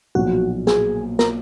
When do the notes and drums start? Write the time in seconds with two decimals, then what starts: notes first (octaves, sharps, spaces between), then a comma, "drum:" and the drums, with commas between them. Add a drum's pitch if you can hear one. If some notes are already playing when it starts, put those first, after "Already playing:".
0.15 B1 A#2 F3 F#4
0.67 G#4, drum: snare
1.19 A#4, drum: snare